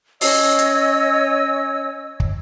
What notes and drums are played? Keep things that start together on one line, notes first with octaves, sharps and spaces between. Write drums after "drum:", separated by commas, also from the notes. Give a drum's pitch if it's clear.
C#4 C#5 D#5 E6, drum: open hi-hat
drum: hi-hat
drum: kick